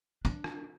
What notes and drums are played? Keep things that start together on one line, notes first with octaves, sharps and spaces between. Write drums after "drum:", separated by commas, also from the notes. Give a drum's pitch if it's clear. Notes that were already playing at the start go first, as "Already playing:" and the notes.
D4, drum: hi-hat
drum: rim click